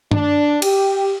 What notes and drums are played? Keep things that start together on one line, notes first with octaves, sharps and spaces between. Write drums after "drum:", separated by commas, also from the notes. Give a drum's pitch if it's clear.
D4, drum: tom G2
G4, drum: cymbal